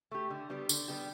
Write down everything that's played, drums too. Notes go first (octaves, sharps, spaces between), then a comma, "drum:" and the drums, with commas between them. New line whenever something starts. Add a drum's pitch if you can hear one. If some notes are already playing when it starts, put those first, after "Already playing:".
A3 G4
D3
G3 B3 G4
D3, drum: tambourine
G3 B3 G4